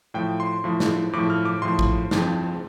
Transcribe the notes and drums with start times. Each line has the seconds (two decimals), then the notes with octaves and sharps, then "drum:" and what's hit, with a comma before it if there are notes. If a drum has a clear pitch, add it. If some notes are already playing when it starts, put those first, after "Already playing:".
0.14 A2 F3 G5
0.40 C6
0.64 A2 F3
0.80 drum: snare
1.13 A2 F3 D6
1.30 F6
1.45 D6
1.62 A2 F3 C6
1.79 drum: kick A1
2.11 F2 F3, drum: snare